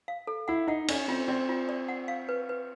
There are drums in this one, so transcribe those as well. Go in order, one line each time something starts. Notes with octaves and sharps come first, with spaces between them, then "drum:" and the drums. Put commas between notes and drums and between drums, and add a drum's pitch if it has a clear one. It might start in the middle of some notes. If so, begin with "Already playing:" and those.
F5
A4
E4 F#5
D#4 F#5
C#4 D5, drum: cymbal
C4 F4
C4 D5
F4
D5
F#5
F5
B4
B4